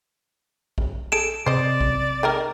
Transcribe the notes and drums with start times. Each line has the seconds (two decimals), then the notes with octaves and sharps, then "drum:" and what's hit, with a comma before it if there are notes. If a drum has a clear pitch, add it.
0.78 drum: kick A#1
1.12 G#4 A4 D7 E7
1.46 C3 C5 D5 D#5
1.81 drum: kick A#1
2.23 D#3 G#3 A#4